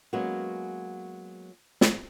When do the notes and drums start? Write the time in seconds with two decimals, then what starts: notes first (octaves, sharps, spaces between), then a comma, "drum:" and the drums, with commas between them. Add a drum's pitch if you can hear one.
0.13 F#3 G#3 A#3 B3 C#4 F#4
1.81 drum: snare